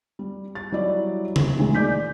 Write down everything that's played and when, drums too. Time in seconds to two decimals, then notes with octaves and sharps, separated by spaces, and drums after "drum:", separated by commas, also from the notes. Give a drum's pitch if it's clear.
0.19 G3
0.55 A6
0.72 F#3 G3 E4 D5
1.36 drum: tom C#3
1.58 D2 A#2 D#3 E3 G#3
1.75 D5 D6 G6 B6